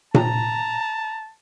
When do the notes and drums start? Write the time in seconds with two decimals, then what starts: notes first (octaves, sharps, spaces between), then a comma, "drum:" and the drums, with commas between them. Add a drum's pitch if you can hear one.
0.14 A5 A#5, drum: tom A#2